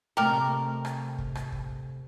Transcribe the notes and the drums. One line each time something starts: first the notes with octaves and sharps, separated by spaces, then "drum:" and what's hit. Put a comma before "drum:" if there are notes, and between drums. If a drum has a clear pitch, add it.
C3 A3 A#4 D#5 G5 D6 F6
drum: rim click
drum: kick
drum: rim click
drum: kick